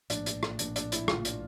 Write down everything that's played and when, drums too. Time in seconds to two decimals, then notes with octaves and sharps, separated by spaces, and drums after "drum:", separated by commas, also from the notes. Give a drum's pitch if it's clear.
0.10 A#1 A2 F3 A#3 D4, drum: hi-hat
0.26 drum: hi-hat
0.43 drum: rim click
0.59 A#1 A2 F3 A#3 D4, drum: hi-hat
0.76 D4, drum: hi-hat
0.92 E4, drum: hi-hat
1.08 A#1 A2 F3 A#3 F4, drum: rim click
1.25 D4, drum: hi-hat